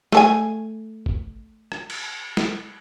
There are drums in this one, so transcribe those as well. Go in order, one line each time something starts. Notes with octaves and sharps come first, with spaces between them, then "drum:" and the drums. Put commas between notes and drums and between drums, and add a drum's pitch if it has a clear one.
A3 A4 G#5, drum: snare
drum: kick
drum: rim click
drum: cymbal
drum: snare